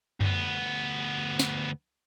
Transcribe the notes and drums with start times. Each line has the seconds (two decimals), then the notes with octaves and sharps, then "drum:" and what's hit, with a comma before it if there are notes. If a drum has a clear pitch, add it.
0.21 D2 B3, drum: tom F#2
1.39 drum: snare